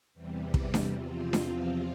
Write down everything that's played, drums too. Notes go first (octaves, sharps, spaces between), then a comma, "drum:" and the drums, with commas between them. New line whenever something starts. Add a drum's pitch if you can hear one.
E2 C3 E3 G3
drum: kick
drum: snare D4
E2 C3 F3 C4 F4
drum: snare D4